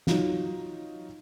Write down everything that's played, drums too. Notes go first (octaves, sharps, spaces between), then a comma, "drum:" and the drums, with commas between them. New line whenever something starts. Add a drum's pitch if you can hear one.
F#3 D#4 F4, drum: snare